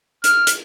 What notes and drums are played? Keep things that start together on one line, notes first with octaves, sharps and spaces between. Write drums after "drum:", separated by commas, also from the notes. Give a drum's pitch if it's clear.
F6, drum: hi-hat
drum: hi-hat